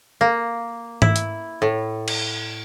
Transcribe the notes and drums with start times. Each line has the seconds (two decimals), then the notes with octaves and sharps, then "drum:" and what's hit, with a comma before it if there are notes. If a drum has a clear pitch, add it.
0.21 A#3
1.02 E4, drum: tom G#2
1.16 drum: hi-hat
1.62 A2
2.08 drum: cymbal